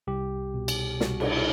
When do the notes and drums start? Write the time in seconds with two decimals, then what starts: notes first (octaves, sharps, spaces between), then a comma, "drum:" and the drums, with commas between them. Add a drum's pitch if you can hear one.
0.07 C2 G4
0.54 B2
0.68 drum: cymbal
1.00 C2 F#4, drum: snare
1.20 D4, drum: cymbal
1.31 E4